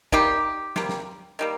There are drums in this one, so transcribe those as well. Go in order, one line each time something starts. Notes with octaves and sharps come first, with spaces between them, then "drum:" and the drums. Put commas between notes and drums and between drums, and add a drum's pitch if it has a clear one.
C3 G3 A#3 D#4 G4, drum: kick
C3 G3 A#3, drum: snare
drum: snare
D#3 G3 A#3